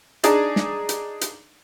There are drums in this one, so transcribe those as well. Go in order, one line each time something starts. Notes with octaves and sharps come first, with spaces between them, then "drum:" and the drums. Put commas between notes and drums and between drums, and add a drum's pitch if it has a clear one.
D4 D#4 G#4 D5, drum: hi-hat
drum: snare
drum: hi-hat
drum: hi-hat